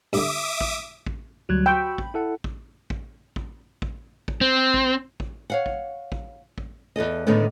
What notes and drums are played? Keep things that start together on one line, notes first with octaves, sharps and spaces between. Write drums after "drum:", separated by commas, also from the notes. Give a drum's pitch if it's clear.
G2 D3 E5 D6 D#6
drum: kick
drum: kick
D2 F#3 G3 F#6 G#6
F#4 G5 B5 C#6 E6
drum: kick
E4 A4 F#5
drum: kick
drum: kick
drum: kick
drum: kick
drum: kick
C4
drum: kick
drum: kick
C#5 F5 F#5
drum: kick
drum: kick
drum: kick
E2 C3 A4 D#5
A2 D3 D#3 G#3 A3 B3